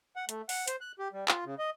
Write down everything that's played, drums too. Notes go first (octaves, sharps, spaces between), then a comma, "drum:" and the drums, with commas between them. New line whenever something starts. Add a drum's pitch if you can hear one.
F#5
A3, drum: hi-hat
F#5, drum: open hi-hat
C5, drum: hi-hat
F#6
G4
G3
F4, drum: clap
C#3
D#5